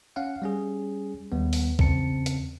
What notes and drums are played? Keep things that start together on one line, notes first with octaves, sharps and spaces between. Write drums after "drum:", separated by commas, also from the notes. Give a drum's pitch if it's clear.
C#4 F5 F#5
G3 C#4 G#4
D#2 G3 B3
drum: open hi-hat
E2 C#3 C4 A5 C#7, drum: kick B1
drum: hi-hat